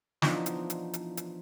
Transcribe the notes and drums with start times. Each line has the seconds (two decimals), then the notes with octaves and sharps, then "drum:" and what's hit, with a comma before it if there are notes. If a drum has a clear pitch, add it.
0.22 E3 F3 B3 D4 D#4 F4, drum: snare
0.46 drum: hi-hat
0.70 drum: hi-hat
0.94 drum: hi-hat
1.17 drum: hi-hat